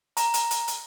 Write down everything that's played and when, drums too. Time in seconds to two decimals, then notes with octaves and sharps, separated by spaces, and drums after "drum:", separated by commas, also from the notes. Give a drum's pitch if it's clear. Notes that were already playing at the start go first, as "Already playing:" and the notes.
0.17 A#5, drum: hi-hat
0.34 drum: hi-hat
0.51 drum: hi-hat
0.68 drum: hi-hat